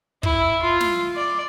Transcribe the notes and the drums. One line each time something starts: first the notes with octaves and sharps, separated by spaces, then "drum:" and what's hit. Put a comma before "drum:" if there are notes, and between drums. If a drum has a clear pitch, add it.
E4, drum: kick
F4
drum: snare
D5